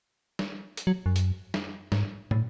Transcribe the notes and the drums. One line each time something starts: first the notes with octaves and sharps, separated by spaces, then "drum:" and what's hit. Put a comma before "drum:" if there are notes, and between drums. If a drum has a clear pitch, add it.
drum: snare
drum: hi-hat
F#3
F#2
drum: hi-hat
drum: snare
G#2, drum: snare
A2, drum: tom